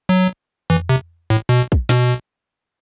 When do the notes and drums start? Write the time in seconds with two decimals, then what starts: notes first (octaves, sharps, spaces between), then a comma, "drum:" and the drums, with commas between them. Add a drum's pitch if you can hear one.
0.09 F#3
0.70 E3, drum: tom F2
0.89 C3
1.30 A2
1.49 B2
1.72 drum: kick
1.89 B2, drum: snare